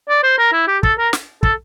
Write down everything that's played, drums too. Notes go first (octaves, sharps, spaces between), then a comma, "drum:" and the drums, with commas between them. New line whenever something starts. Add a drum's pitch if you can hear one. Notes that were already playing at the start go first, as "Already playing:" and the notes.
D5
C5
A#4
E4
G4
A4, drum: kick
A#4
drum: snare
A4, drum: kick